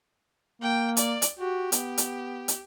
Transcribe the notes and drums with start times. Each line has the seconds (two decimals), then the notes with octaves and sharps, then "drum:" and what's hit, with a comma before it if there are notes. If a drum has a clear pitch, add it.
0.62 A#3 G5
0.97 D5, drum: hi-hat
1.22 drum: hi-hat
1.39 F#4 G4
1.72 B3, drum: hi-hat
1.98 drum: hi-hat
2.48 drum: hi-hat